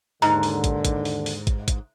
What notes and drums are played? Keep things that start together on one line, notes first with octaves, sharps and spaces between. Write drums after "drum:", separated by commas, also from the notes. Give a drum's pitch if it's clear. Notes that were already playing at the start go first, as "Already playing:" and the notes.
D#2 G#2 D3 A#5, drum: open hi-hat
drum: open hi-hat
drum: kick, hi-hat
drum: kick, hi-hat
drum: open hi-hat
drum: open hi-hat
drum: kick, hi-hat
drum: kick, hi-hat